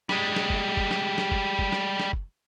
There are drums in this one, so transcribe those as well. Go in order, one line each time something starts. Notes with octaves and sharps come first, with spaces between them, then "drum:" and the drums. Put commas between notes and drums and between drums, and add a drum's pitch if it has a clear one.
G3 G#3, drum: snare
drum: snare
drum: kick
drum: kick
drum: snare
drum: snare
drum: kick
drum: kick
drum: snare
drum: snare
drum: kick